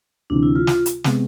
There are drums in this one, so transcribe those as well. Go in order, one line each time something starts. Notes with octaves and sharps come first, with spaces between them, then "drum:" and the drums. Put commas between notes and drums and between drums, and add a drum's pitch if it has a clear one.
D2 C3 E3 D4
E4
F4
drum: snare
drum: hi-hat
C3 G#3 B3, drum: snare